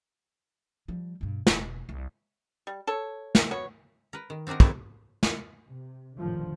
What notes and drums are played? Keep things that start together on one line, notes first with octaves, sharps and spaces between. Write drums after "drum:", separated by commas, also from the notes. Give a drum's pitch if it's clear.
F3 G3
G2 B2
E1 F#2, drum: snare
C2
G3
A4 C#5
drum: snare
B3 F#4 C#5
A#4 B4
D#3
C4 D4 D#4 F#4 A#4
D#3 F#3 A3 C4 E4 G#4, drum: kick
drum: snare
C3
F1 A#1 A2 D3 D#3 F3